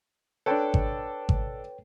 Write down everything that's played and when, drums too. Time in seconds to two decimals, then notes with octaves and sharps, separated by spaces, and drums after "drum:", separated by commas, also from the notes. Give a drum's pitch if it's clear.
0.46 D4 A4 B4 C#5 G5
0.74 drum: kick G#1
1.29 drum: kick G#1